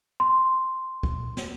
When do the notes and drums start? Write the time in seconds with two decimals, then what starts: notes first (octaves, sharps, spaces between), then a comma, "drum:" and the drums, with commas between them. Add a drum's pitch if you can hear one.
0.20 C6
1.03 drum: kick
1.37 drum: snare